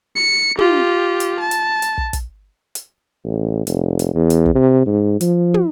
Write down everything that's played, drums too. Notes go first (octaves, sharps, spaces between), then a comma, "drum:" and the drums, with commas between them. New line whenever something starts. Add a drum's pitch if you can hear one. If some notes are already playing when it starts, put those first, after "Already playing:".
C#7
F4 G4, drum: tom
drum: hi-hat
A5
drum: hi-hat
drum: hi-hat
drum: kick
drum: kick, hi-hat
drum: hi-hat
A1
F1, drum: hi-hat
drum: hi-hat
E2
drum: hi-hat
drum: kick
C3
G#2
F3, drum: hi-hat
drum: tom